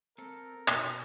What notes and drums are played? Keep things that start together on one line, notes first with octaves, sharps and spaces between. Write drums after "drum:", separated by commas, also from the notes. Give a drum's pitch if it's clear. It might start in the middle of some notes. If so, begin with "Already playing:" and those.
C4 A4 A#4
B2 D#4 C5 D#5, drum: clap